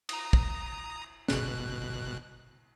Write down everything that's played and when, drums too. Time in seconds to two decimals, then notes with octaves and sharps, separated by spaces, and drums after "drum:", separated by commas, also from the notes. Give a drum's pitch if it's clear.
0.09 A#5 D#6, drum: cymbal
0.33 drum: kick
1.28 G1 B2 F#6, drum: snare